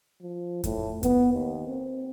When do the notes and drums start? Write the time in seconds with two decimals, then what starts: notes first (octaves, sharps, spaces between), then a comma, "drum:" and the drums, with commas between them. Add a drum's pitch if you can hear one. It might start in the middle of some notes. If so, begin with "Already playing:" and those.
0.22 F3
0.64 A2, drum: kick F2, hi-hat
1.03 B3, drum: kick F2, hi-hat
1.33 D#2
1.67 C4